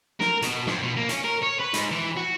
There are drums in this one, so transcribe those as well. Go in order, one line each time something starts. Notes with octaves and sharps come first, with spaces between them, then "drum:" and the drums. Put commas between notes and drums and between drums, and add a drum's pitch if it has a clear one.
A#4, drum: snare
B2, drum: hi-hat
F2, drum: snare
B2
A#3
C#4, drum: hi-hat
A#4
C#5
B4
G#2, drum: hi-hat
E3
F#4